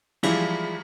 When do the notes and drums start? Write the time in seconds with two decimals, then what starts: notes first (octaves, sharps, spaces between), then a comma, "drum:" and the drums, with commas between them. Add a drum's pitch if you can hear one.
0.23 E3 F3 G3 G#3 E4, drum: cymbal